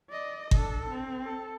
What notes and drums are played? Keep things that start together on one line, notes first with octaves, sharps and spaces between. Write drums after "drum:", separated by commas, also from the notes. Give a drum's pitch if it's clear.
D5 D#5
D4 A4, drum: kick G1
C4
A4